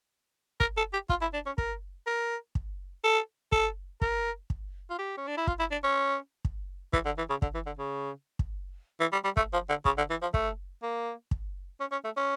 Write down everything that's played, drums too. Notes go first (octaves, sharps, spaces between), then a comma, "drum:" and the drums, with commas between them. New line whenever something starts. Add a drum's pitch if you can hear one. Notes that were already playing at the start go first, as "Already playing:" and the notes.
A#4, drum: kick
A4
G4
F4, drum: kick
E4
D4
C#4
A#4, drum: kick
A#4
drum: kick
A4
A4, drum: kick
A#4, drum: kick
drum: kick
F4
G4
C#4
D4
E4
F4, drum: kick
E4
D4
C#4
drum: kick
E3, drum: kick
D3
E3
C#3
D3, drum: kick
E3
D3
C#3
drum: kick
E3
G3
G3
A3, drum: kick
F3
D3
C#3, drum: kick
D3
E3
F3
A3, drum: kick
A#3
drum: kick
C#4
C#4
A3
C#4